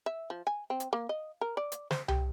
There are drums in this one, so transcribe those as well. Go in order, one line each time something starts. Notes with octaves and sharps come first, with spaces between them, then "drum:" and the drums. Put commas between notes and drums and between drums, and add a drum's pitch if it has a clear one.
E5
F3
G#5
C4
drum: hi-hat
A#3
D#5
A#4
D5
drum: hi-hat
C5, drum: snare
G4, drum: tom C2